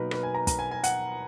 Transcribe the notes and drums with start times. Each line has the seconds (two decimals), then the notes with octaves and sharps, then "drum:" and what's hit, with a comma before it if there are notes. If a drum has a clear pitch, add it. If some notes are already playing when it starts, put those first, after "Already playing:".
Already playing: B2 F#3 A#3 D#4 A#4 B4
0.11 B4, drum: rim click
0.23 G#5
0.34 A#5
0.47 A#5, drum: kick, hi-hat
0.59 G#5
0.71 G#5
0.84 F#5, drum: hi-hat